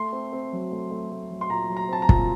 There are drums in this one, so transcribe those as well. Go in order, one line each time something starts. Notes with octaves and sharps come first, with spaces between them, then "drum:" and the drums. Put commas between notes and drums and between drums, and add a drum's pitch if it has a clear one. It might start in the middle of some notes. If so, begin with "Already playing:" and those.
Already playing: A3 C6
C4
C4
F#3
A3
A3
A3
F#3
C6
A#2 A#5
F#3
A#5
C4 A5
A#5
A#2, drum: kick